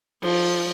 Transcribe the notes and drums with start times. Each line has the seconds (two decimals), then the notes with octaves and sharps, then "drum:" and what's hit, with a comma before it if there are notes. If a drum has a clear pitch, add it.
0.22 F3, drum: cymbal